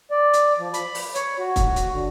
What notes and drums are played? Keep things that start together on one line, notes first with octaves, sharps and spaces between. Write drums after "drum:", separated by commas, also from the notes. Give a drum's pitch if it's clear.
D5
drum: hi-hat
F3
B5, drum: hi-hat
drum: open hi-hat
C#5, drum: hi-hat
F#4
drum: kick, hi-hat
drum: hi-hat
D3